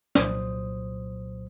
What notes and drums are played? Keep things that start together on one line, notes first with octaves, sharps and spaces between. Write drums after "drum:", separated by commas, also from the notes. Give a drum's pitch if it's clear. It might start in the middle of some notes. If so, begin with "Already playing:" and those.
C2 A#2 F#3 C5 D#6, drum: snare